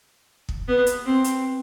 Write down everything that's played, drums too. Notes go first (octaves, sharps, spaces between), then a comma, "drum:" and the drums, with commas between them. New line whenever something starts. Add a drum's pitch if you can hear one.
drum: kick
B3
drum: hi-hat
C4
drum: hi-hat